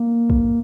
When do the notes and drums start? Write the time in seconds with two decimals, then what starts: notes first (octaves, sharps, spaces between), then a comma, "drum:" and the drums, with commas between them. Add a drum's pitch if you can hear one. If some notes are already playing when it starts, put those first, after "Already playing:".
Already playing: A#3
0.30 drum: kick